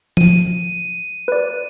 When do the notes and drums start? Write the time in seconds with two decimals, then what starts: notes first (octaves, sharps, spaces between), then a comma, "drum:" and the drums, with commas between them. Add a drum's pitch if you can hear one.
0.17 D#7, drum: tom F3
1.28 B4 D5